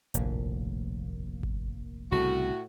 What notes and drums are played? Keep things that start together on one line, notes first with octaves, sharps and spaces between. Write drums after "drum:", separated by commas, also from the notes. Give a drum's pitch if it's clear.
F1 A#1 D#2 A2 A#3, drum: hi-hat
drum: kick G#1
C2 A2 C#3 F#4